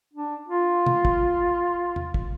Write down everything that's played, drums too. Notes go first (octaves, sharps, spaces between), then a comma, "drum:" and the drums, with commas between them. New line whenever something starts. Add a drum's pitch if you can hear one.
D4
F4
drum: tom
drum: kick
drum: tom E2
drum: kick